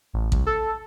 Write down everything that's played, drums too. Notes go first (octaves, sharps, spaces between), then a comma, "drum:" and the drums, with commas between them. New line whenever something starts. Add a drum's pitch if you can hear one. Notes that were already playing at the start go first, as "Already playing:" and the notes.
A1
C2, drum: kick A1
A4